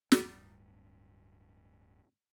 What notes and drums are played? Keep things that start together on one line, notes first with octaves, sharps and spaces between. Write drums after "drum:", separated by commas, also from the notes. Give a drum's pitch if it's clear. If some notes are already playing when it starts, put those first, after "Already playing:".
D1 G2, drum: snare